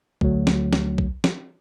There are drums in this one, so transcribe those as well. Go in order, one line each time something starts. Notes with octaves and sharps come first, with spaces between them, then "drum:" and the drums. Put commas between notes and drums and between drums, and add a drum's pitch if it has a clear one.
D2 F#3, drum: kick B1
drum: snare
drum: snare
drum: kick B1
drum: snare